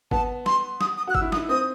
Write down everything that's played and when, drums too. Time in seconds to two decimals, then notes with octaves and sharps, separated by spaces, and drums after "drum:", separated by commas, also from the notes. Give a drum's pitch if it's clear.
0.11 B3 A5, drum: kick
0.46 C6, drum: snare
0.81 D#6, drum: snare
0.98 D#6
1.07 F#4 F#6
1.15 E6, drum: kick
1.22 E4
1.32 D#6, drum: snare
1.36 D#4
1.49 C4 D#6